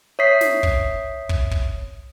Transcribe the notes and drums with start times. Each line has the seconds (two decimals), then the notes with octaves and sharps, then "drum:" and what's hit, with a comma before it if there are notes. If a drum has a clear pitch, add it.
0.19 C#5 E5 D#6 B6 C7
0.41 drum: snare
0.63 drum: kick
1.29 drum: kick
1.51 drum: kick